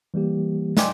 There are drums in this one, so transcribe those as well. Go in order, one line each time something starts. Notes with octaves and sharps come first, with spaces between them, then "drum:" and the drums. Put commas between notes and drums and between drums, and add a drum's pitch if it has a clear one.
E3 G3 A#3 G4
D5 D#5 G5 G#5 C6 D6, drum: snare